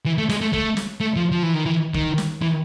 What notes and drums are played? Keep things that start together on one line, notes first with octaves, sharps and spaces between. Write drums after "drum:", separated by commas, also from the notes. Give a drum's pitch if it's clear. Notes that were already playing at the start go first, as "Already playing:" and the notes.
E3
A3
G#3, drum: snare
A3
A3, drum: kick
drum: snare
A3
F3
F3
E3
D#3
E3
D#3, drum: kick
drum: snare
E3